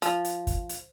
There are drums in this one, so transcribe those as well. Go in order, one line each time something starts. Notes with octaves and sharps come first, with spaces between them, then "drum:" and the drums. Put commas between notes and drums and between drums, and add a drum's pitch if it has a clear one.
F3, drum: hi-hat
drum: hi-hat
drum: kick, hi-hat
drum: hi-hat